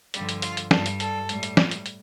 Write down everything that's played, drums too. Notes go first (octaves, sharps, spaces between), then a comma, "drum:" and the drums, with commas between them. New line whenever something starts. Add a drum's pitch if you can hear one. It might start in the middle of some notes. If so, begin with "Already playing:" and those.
G2 D3 F3 G3, drum: hi-hat
drum: hi-hat
F4, drum: hi-hat
drum: hi-hat
G2 G3 A4, drum: snare
drum: hi-hat
A4, drum: hi-hat
A2 G3, drum: hi-hat
drum: hi-hat
drum: snare
drum: hi-hat
drum: hi-hat